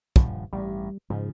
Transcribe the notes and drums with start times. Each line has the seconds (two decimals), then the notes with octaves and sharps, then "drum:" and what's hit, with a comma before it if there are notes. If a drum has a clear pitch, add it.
0.16 D#1 G2 F3, drum: kick
0.53 A1 G2 G3
1.10 G#2 C#3 F3